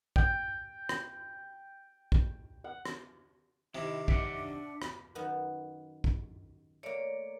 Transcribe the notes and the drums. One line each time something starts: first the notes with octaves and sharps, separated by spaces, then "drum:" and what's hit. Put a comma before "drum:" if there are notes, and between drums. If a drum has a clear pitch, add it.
G5, drum: kick
drum: rim click
drum: kick
F#5
drum: rim click
C3 D#3 E4 D#5
D5 E5 F#5, drum: kick
D4
drum: rim click
F#2 D#3 B3
drum: kick
A3 A#3 C#5 D5